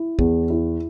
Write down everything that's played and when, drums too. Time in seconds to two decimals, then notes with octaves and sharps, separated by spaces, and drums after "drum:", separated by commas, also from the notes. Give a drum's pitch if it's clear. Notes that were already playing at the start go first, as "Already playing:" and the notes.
Already playing: E4
0.19 E2, drum: kick
0.50 E4